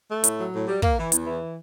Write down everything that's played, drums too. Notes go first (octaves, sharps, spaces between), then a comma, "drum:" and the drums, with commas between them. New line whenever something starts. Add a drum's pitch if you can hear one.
A3
A2, drum: hi-hat
F#3
A2
G3
A#3, drum: kick
E3
E2, drum: hi-hat
E3